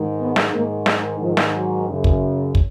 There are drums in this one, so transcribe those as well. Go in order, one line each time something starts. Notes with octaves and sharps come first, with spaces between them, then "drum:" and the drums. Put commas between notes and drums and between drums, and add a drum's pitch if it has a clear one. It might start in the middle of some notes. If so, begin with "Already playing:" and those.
Already playing: G#2 D#3
B3
drum: snare
G#2 D#3 A#3
G#3, drum: snare
G#2 D#3 F3
drum: snare
F#3
F#2 C#3
drum: kick
drum: kick